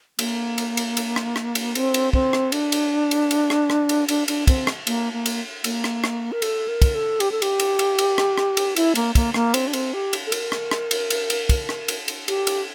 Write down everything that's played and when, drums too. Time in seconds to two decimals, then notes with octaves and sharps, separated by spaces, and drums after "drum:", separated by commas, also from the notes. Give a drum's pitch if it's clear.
0.19 A#3, drum: cymbal
0.58 drum: cymbal
0.77 drum: cymbal
0.97 drum: cymbal
1.16 drum: rim click
1.36 drum: rim click
1.55 drum: cymbal
1.75 C4, drum: cymbal
1.94 drum: cymbal
2.13 C4, drum: kick
2.33 drum: rim click
2.52 D4, drum: cymbal
2.72 drum: cymbal
3.11 drum: cymbal
3.31 drum: cymbal
3.50 drum: rim click
3.70 drum: rim click
3.89 drum: cymbal
4.08 D4, drum: cymbal
4.28 D4, drum: cymbal
4.47 C4, drum: kick, cymbal
4.67 drum: rim click
4.87 A#3, drum: cymbal
5.13 A#3
5.26 drum: cymbal
5.64 A#3, drum: cymbal
5.84 drum: rim click
6.04 drum: rim click
6.32 A#4
6.42 A4, drum: cymbal
6.68 A#4
6.82 drum: kick, cymbal
6.95 A4
7.20 G4, drum: cymbal
7.32 A4
7.42 G4, drum: cymbal
7.60 drum: cymbal
7.79 drum: cymbal
7.99 drum: cymbal
8.18 drum: rim click
8.38 drum: rim click
8.57 drum: cymbal
8.76 E4, drum: cymbal
8.95 A#3, drum: cymbal
9.15 A#3, drum: kick, cymbal
9.34 A#3, drum: rim click
9.54 C4, drum: cymbal
9.67 D4
9.73 C4, drum: cymbal
9.94 G4
10.13 drum: cymbal
10.26 A4
10.32 A#4, drum: cymbal
10.52 drum: rim click
10.71 drum: rim click
10.91 drum: cymbal
11.10 drum: cymbal
11.30 drum: cymbal
11.49 drum: kick, cymbal
11.69 drum: rim click
11.88 drum: cymbal
12.08 drum: cymbal
12.28 G4, drum: cymbal
12.47 drum: cymbal